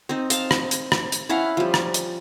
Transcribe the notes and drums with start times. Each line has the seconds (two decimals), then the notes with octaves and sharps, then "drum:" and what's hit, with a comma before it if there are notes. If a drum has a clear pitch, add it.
0.09 C4 D#4
0.30 F5 A5, drum: hi-hat
0.51 drum: rim click
0.71 drum: hi-hat
0.92 drum: rim click
1.12 drum: hi-hat
1.29 C#4 E4 F5 F#5
1.57 F3 G3
1.74 drum: rim click
1.94 drum: hi-hat